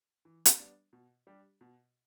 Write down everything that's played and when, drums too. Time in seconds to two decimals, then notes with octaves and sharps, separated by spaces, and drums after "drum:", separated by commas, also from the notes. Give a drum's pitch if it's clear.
0.25 E3
0.45 drum: hi-hat
0.59 G3 B3 D4
0.93 B2
1.27 G3 D4 G4
1.61 B2